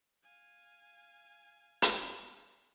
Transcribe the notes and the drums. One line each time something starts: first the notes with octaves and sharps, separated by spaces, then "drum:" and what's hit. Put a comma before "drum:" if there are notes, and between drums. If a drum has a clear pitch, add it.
F5 G#5
drum: hi-hat